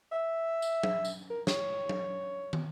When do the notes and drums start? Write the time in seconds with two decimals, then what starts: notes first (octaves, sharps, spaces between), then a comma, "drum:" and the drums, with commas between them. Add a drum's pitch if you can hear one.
0.12 E5
0.62 drum: tambourine
0.83 drum: tom F#3
1.05 drum: tambourine
1.30 A#4
1.47 C#5, drum: snare
1.89 drum: tom F#3
2.53 drum: tom